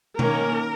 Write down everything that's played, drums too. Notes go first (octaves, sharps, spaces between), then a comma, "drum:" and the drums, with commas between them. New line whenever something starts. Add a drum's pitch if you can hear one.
D#3 A#3 C#4 A#4, drum: tom B2